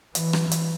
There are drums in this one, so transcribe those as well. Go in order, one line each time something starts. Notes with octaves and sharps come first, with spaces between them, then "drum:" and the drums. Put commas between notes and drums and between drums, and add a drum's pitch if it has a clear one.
E3, drum: hi-hat
drum: rim click
drum: hi-hat